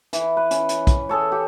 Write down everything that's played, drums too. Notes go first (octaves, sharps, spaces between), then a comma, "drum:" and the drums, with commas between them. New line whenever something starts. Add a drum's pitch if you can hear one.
E3, drum: hi-hat
B4
C#4, drum: hi-hat
drum: hi-hat
drum: kick, hi-hat
G#4 A4 C#5
G4